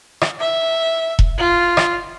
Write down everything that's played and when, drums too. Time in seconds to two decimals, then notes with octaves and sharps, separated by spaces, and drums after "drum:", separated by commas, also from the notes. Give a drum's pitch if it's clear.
0.21 drum: rim click
0.40 E5
1.19 drum: kick E1
1.38 F4
1.77 drum: rim click